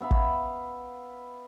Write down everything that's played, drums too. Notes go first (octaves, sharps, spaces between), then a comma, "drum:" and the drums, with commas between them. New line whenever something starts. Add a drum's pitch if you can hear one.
B3 E5 F5 B5
drum: kick